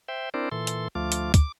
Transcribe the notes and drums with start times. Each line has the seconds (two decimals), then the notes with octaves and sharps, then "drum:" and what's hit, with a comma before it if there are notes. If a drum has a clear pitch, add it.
0.08 C5 E5 G5
0.34 C4 D4 E4 A#4 C5 D5
0.51 A#2 E3 A4 C6
0.67 drum: hi-hat
0.95 D2 F3 A3 F4 D6
1.12 drum: hi-hat
1.34 D6, drum: kick, hi-hat